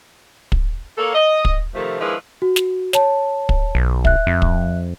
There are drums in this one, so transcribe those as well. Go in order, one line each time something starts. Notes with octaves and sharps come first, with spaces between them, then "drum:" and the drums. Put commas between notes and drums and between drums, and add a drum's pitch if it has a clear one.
drum: kick
A#3 A4 C#5
D#5
drum: kick
C3 D#3 F3 A3
D#3 F3 G#3 D4 E4 B4
F#4
drum: snare
C#5 A5, drum: snare
drum: kick
B1
E5 F#6, drum: kick
F2
drum: kick